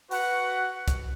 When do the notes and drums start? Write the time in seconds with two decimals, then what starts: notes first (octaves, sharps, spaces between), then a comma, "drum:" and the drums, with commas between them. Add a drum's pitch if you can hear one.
0.11 F#4 B4 F#5, drum: open hi-hat
0.88 drum: kick, hi-hat